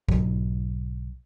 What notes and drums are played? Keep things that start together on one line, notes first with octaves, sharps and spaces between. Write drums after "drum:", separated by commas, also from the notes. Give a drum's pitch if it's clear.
B1 G#2 B2 F#3, drum: kick